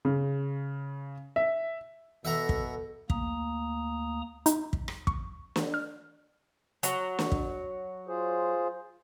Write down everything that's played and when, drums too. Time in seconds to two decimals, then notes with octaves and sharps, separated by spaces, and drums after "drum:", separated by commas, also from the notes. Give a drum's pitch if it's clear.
0.05 C#3
1.36 E5
2.25 B2 A4 E5 F#5 A#5
2.49 drum: kick
3.10 D2 A#3 A#5 D#6, drum: kick
4.46 D#4, drum: hi-hat
4.73 drum: kick
4.88 drum: rim click
5.07 C#6, drum: kick
5.56 drum: snare
5.74 F6
6.83 F#3, drum: hi-hat
7.19 drum: snare
7.32 drum: kick
8.08 F4 G#4 C5